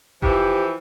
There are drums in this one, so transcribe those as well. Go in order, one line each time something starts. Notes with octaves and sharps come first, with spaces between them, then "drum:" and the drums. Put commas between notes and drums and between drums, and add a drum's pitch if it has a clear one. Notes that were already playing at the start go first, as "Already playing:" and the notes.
E3 F3 G4, drum: kick F1